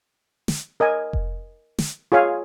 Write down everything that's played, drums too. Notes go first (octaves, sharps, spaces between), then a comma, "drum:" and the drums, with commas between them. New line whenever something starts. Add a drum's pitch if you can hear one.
drum: snare
A#4 D#5 G#5
drum: kick F1
drum: snare
F4 G#4 C#5 F5 G#5